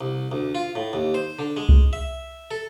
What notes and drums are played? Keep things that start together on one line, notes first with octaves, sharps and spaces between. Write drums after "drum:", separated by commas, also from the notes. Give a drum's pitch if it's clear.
C2
D2
F4
A2
D#2
C5
D3
G#3
drum: kick C2
E5
A4